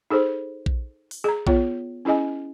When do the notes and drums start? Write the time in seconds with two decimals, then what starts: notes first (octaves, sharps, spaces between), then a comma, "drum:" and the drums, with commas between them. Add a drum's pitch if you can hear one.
0.10 D#4 G#4 A4 C5
0.66 drum: kick A#1
1.11 drum: open hi-hat
1.24 G#4 A#5
1.47 B3 F4 C#5, drum: kick A#1
2.05 C#4 E4 G#4 D#5 G#5